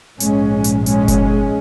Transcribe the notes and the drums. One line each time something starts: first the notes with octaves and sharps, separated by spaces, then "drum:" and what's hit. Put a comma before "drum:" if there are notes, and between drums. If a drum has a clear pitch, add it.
A#1 G#2 G#3 C#4, drum: hi-hat
drum: hi-hat
G#3 C#4, drum: hi-hat
drum: kick F#1, hi-hat